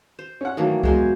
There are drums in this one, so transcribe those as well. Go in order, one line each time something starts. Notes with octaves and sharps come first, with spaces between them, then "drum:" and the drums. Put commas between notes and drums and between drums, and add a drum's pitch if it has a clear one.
C5
C#4 F#5
D#3 E3 F#3 A3 A#3
E2 G#3 F#4 C5 G#5, drum: kick C#2